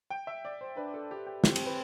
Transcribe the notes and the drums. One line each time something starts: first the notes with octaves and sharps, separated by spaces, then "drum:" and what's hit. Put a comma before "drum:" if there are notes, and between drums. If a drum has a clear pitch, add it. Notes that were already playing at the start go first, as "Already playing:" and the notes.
G5
E5
D5
C5
D4 B4
A4
G4
G4
C4 G4, drum: snare
drum: cymbal
B4